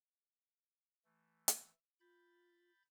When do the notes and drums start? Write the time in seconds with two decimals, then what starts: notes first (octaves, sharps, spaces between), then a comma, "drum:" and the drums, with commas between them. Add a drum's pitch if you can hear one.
1.05 E3 A3
1.48 drum: hi-hat
2.00 F4 B5 G6 A6